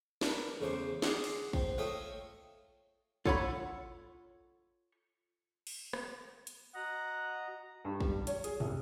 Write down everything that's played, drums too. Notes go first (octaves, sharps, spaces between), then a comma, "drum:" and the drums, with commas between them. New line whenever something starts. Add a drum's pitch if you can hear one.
D4 E4 A#4 B4, drum: snare
E2 C#3 A3 C5 D6
G#4 D5 F#5 C6, drum: snare
drum: cymbal
C4, drum: kick
A3 F4 C#5 D#5 E5 G5
F4 A4 C#5 F#5 G#5 B5, drum: kick
drum: open hi-hat
drum: rim click
drum: hi-hat
F#4 D#5 F#5 A#5
G2
G3, drum: kick
C#5, drum: hi-hat
G#4, drum: hi-hat
C2, drum: tom